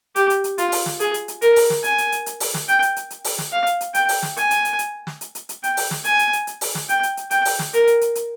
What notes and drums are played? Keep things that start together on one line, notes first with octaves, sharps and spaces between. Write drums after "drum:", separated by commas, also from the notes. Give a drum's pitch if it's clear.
G4, drum: hi-hat
drum: hi-hat
drum: hi-hat
F4, drum: hi-hat
drum: open hi-hat
drum: snare
G#4, drum: hi-hat
drum: hi-hat
drum: hi-hat
A#4, drum: hi-hat
drum: open hi-hat
drum: snare
G#5, drum: hi-hat
drum: hi-hat
drum: hi-hat
drum: hi-hat
drum: open hi-hat
drum: snare
G5, drum: hi-hat
drum: hi-hat
drum: hi-hat
drum: hi-hat
drum: open hi-hat
drum: snare
F5
drum: hi-hat
drum: hi-hat
G5, drum: hi-hat
drum: open hi-hat
drum: snare
G#5, drum: hi-hat
drum: hi-hat
drum: hi-hat
drum: hi-hat
drum: snare
drum: hi-hat
drum: hi-hat
drum: hi-hat
G5, drum: hi-hat
drum: open hi-hat
drum: snare
G#5, drum: hi-hat
drum: hi-hat
drum: hi-hat
drum: hi-hat
drum: open hi-hat
drum: snare
G5, drum: hi-hat
drum: hi-hat
drum: hi-hat
G5, drum: hi-hat
drum: open hi-hat
drum: snare
A#4, drum: hi-hat
drum: hi-hat
drum: hi-hat
drum: hi-hat